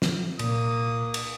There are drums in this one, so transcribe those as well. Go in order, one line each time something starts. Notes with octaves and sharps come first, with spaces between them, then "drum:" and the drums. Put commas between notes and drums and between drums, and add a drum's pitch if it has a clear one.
drum: snare
C2 A#2 A#3 D#6, drum: cymbal
drum: cymbal